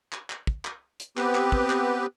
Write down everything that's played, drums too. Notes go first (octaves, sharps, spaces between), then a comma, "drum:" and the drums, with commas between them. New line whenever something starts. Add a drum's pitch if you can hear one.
drum: clap
drum: clap
drum: kick
drum: clap
drum: hi-hat
B3 C4 G4 B4, drum: clap
drum: clap
drum: kick
drum: clap